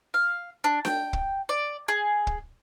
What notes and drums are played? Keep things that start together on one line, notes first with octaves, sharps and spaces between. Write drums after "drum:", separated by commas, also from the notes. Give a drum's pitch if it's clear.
F5
D4
G5, drum: snare D4
drum: kick
D5
G#4
drum: kick